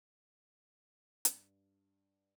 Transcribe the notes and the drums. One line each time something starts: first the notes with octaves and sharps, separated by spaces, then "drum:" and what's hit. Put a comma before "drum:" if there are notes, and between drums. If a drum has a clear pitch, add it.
G2, drum: hi-hat